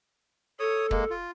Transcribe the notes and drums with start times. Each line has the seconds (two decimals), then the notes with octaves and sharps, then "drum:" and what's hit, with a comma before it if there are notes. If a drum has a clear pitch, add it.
0.60 A4 C#5 D#6
0.91 G#3 A#3, drum: kick
1.10 F4